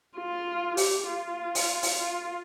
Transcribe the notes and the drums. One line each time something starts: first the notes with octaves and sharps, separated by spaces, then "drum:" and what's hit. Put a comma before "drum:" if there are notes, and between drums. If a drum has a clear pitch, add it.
F4
G4, drum: open hi-hat
F4
drum: open hi-hat
drum: open hi-hat
F4